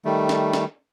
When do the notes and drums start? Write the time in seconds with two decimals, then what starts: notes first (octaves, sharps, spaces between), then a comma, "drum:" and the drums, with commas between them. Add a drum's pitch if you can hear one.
0.05 D#3 G3 A3
0.29 drum: snare
0.53 drum: snare